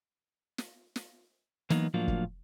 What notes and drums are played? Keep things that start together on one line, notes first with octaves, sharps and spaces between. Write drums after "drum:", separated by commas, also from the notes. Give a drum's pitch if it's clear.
drum: snare
drum: snare
E3 F#3 A#3 B3 D#4, drum: snare
A2 F3 F#3 A#3 D4 F4
drum: kick